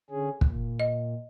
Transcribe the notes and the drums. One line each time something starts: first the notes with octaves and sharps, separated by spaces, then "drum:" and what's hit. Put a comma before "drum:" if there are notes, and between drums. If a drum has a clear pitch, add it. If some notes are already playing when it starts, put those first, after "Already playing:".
D3 C#4 G#4
A#2, drum: kick
D#5